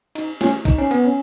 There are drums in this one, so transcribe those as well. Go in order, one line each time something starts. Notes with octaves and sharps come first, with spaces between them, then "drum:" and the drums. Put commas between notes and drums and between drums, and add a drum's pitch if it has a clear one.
D#4, drum: cymbal
C#4, drum: snare
D#4, drum: kick, cymbal
C#4
B3, drum: cymbal
C#4